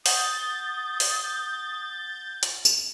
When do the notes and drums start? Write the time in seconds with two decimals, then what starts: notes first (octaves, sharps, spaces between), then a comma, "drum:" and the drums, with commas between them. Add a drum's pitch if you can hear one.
0.06 F#5 D#6 G6 A6, drum: open hi-hat
1.00 drum: open hi-hat
2.43 drum: hi-hat
2.65 drum: tambourine